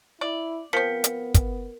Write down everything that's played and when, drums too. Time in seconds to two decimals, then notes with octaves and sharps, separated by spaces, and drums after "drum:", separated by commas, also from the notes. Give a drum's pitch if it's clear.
0.21 E4 D5
0.73 F3 B3 C4 A#4 B6 C#7
1.04 drum: hi-hat
1.34 drum: kick, hi-hat